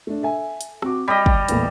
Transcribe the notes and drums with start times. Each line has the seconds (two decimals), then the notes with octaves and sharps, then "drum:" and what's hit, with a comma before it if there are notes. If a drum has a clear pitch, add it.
0.07 A3 D4
0.22 A4 E5 G#5
0.61 drum: hi-hat
0.82 C4 F#4 D6, drum: rim click
1.08 G3 D#5 B6
1.26 drum: kick
1.48 E2 A#2 A3, drum: hi-hat